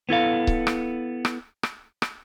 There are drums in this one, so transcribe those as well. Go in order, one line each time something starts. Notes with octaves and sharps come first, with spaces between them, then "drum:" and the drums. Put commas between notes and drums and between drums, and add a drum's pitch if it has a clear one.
B3 E4 A4 F5
drum: kick C#1
drum: rim click
drum: rim click
drum: rim click
drum: rim click